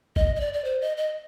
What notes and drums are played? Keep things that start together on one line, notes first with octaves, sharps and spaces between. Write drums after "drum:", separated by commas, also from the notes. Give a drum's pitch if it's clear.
D#5, drum: kick
D#5
D5
D5
C5
D#5
D#5